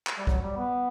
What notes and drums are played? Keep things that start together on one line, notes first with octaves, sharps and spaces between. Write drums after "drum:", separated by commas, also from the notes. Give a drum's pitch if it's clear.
drum: clap
G3
F#3, drum: kick
G3
B3